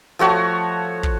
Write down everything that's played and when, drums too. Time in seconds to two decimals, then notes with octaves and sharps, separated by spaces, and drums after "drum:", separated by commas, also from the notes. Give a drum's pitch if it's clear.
0.19 F3 A3 F#4 C#5
1.03 drum: kick